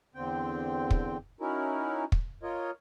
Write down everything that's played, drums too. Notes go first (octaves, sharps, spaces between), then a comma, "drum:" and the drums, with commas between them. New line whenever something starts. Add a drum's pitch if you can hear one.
E2 D3 C4 G5
drum: kick
C#4 D#4 E4 F#4 A#4
drum: kick
F4 A#4 C#5 D#5